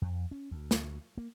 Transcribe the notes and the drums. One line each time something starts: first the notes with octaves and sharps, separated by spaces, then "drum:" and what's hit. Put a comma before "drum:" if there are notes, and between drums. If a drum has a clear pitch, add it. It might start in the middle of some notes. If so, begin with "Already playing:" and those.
F2
C#4
D2
drum: snare
A#3